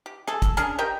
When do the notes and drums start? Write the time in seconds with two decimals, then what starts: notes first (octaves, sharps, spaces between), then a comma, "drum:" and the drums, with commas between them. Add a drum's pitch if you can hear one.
0.06 G4
0.28 G#4 A4, drum: rim click
0.42 drum: kick, hi-hat
0.57 C#4 D4 G#4 A#4, drum: hi-hat
0.79 G4 A#4 D#5 G5